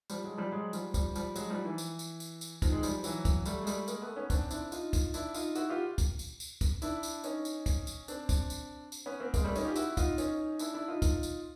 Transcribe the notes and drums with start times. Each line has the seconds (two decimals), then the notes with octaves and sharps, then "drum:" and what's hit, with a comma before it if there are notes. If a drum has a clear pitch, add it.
0.10 F3 G3, drum: tambourine
0.24 F#3 G#3
0.38 F3 G3
0.52 F#3 G#3
0.73 F3 G3, drum: tambourine
0.94 F3 G3, drum: kick, tambourine
1.15 F3 G3, drum: tambourine
1.36 F#3 G#3, drum: tambourine
1.50 F3 G3
1.64 E3
1.78 drum: tambourine
1.99 drum: tambourine
2.20 drum: tambourine
2.41 drum: tambourine
2.62 D#3 F3, drum: kick, tambourine
2.72 G#3
2.83 F3 G3, drum: tambourine
3.04 E3 F#3, drum: tambourine
3.25 drum: kick, tambourine
3.46 G3 A3, drum: tambourine
3.63 G#3
3.67 G3 A3, drum: tambourine
3.88 G#3 A#3, drum: tambourine
4.02 A3 B3
4.16 B3 C#4
4.30 C4 D4, drum: kick, tambourine
4.51 D4 E4, drum: tambourine
4.72 D#4 F4, drum: tambourine
4.93 drum: kick, tambourine
5.14 D4 E4, drum: tambourine
5.34 D#4 F4, drum: tambourine
5.55 E4 F#4, drum: tambourine
5.70 F4 G4
5.98 drum: kick, tambourine
6.19 drum: tambourine
6.40 drum: tambourine
6.61 drum: kick, tambourine
6.82 D4 E4, drum: tambourine
7.03 drum: tambourine
7.24 C#4 D#4, drum: tambourine
7.45 drum: tambourine
7.66 drum: kick, tambourine
7.87 drum: tambourine
8.08 C4 D4, drum: tambourine
8.29 drum: kick, tambourine
8.50 drum: tambourine
8.92 drum: tambourine
9.06 B3 C#4
9.20 A#3 C4
9.34 G#3 A#3, drum: kick, tambourine
9.44 G3 A3
9.55 C#4 D#4, drum: tambourine
9.65 F4 G4
9.75 E4 F#4, drum: tambourine
9.97 D#4 F4, drum: kick, tambourine
10.18 C#4 D#4, drum: tambourine
10.59 D4 E4, drum: tambourine
10.74 D4 E4
10.88 D#4 F4
11.02 drum: kick, tambourine
11.23 drum: tambourine